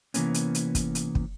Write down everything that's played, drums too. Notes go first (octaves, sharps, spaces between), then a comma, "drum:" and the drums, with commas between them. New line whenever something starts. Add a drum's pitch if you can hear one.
C3 E3 A#3 B3 C#4, drum: hi-hat
drum: hi-hat
drum: hi-hat
drum: kick, hi-hat
drum: hi-hat
drum: kick